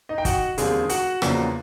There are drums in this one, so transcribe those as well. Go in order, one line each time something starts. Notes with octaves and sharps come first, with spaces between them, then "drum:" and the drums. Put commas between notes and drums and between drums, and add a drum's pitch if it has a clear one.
D#4 D#5
G5
F#4 F#5, drum: kick, hi-hat
E1 D#2 D3 G3 C4 G#4 G#5, drum: hi-hat
F#4 F#5, drum: hi-hat
E2 C#3 F3 A#3 D4, drum: rim click